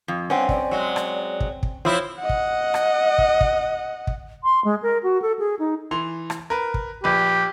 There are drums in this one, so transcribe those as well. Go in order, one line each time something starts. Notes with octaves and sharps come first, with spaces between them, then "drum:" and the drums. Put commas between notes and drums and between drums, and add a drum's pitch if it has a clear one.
F2
G2 C4 C#4 F#5
D5, drum: kick
F#3 G#3
drum: rim click
drum: kick
drum: kick
F3 C4 E4 C#5
D#5 F#5
drum: kick
drum: rim click
drum: kick
drum: kick
drum: kick
C6
G#3
A#4
F#4
A4
G#4
D#4
E3 C6 F7
drum: rim click
A#4 B4
drum: kick
A#1 G4 B4